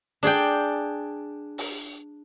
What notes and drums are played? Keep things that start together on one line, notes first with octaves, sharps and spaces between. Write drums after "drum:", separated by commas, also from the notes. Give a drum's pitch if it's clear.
D4 G#4 D5 G5
drum: open hi-hat